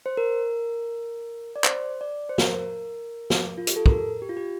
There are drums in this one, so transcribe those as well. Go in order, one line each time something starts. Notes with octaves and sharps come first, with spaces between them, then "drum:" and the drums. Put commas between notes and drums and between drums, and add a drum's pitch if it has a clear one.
C5
A#4
D5
C5, drum: clap
D5
C5
A#4, drum: snare
drum: snare
F4
G4, drum: hi-hat
A4
A#4, drum: kick
G4
F4
G4